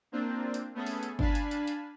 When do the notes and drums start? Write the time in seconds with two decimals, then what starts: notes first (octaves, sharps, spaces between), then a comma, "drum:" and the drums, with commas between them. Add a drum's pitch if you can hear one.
0.12 A#3 C4 D4 F4
0.54 drum: hi-hat
0.75 A3 B3 C#4 G#4 A4
0.87 drum: open hi-hat
1.03 drum: hi-hat
1.19 D4 F5 G#5 A5 B5, drum: kick G1
1.35 drum: hi-hat
1.51 drum: hi-hat
1.68 drum: hi-hat